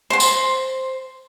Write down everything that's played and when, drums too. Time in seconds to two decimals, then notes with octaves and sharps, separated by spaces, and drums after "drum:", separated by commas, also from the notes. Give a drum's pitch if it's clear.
0.10 C5 C6
0.20 drum: tambourine